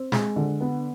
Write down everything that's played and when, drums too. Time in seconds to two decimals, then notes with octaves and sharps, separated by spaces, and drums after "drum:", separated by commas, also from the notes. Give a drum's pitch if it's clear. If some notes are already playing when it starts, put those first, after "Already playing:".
Already playing: C4
0.12 G#3, drum: snare
0.36 D3
0.61 B3